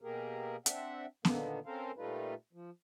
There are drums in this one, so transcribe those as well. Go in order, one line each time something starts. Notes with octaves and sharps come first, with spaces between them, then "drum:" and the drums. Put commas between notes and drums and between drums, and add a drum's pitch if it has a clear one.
B2 A#3 G4 G#4 A#4
C4 D4 E5 F#5, drum: hi-hat
A#2 D3 D#3 A#3 B3, drum: snare B3
C4 C#4 A4 A#4 C5 F5
A#2 G3 A3 D#4 F4 B4
F3